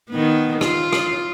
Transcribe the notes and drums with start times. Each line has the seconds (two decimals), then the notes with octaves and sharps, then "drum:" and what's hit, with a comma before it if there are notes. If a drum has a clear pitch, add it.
0.10 D#3 B3
0.61 F4, drum: rim click
0.93 drum: rim click